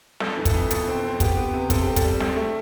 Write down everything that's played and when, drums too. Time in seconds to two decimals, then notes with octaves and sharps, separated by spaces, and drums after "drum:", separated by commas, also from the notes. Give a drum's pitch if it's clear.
0.20 F2 A4, drum: snare
0.37 E3
0.45 A4, drum: kick, hi-hat
0.54 F2
0.71 B2 A4, drum: hi-hat
0.87 C4
1.04 C4
1.20 B3 G4, drum: kick, hi-hat
1.37 B3
1.53 C3
1.70 C4 A4, drum: kick, hi-hat
1.83 C4 G4
1.96 A4, drum: kick, hi-hat
2.04 G3
2.20 C4, drum: snare
2.36 A3